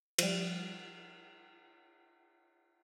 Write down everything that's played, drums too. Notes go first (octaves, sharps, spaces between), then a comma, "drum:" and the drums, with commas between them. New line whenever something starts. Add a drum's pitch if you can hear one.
F3 G3, drum: cymbal